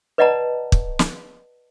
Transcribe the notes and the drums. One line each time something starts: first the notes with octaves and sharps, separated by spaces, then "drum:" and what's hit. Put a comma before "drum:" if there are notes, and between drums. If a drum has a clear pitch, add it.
B4 D5 D#5 F#5 A5 A#5
drum: kick
drum: snare